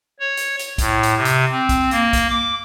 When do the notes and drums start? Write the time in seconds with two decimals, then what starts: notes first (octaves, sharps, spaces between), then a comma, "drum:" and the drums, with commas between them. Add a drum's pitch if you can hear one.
0.20 C#5
0.37 drum: hi-hat
0.59 drum: hi-hat
0.78 A2, drum: kick, hi-hat
1.03 drum: hi-hat
1.16 C3
1.25 drum: hi-hat
1.51 C4
1.69 drum: kick, hi-hat
1.91 A#3, drum: hi-hat
2.13 drum: kick, hi-hat
2.30 D6